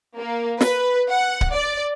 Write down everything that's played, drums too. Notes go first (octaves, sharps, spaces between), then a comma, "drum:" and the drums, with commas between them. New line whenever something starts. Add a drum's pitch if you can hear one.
A#3
B4, drum: snare
F#5
drum: kick D1
D5